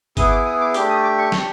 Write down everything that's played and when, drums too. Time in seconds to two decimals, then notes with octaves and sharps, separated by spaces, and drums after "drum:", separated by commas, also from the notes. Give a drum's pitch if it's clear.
0.17 B3 E4 G#4 D#6, drum: kick, hi-hat
0.31 D6
0.45 D#6
0.60 D6
0.74 A3 D4 G4 D6, drum: hi-hat
0.90 D#6
1.04 D6
1.18 C#6
1.32 D4 G4, drum: snare